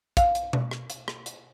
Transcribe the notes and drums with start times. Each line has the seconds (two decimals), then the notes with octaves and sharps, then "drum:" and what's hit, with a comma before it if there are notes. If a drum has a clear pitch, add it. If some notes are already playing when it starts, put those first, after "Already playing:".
0.17 F5, drum: kick, hi-hat
0.35 drum: hi-hat
0.53 drum: tom B2
0.71 drum: rim click
0.90 drum: hi-hat
1.08 drum: rim click
1.26 drum: hi-hat